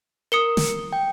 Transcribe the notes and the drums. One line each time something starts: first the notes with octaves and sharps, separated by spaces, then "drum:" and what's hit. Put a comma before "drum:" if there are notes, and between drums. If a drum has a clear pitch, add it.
A#4 D#6 C#7 G7
drum: snare
G5